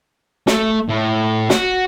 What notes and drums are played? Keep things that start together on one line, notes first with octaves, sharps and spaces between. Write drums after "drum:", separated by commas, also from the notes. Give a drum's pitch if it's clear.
A3, drum: snare
A2
F#4, drum: snare